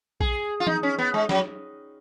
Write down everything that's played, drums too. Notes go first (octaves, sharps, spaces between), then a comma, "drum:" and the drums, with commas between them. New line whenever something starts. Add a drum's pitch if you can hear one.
G#4, drum: kick A#1
F4
D#4, drum: tom E3
C#4
B3
G#3
F#3, drum: snare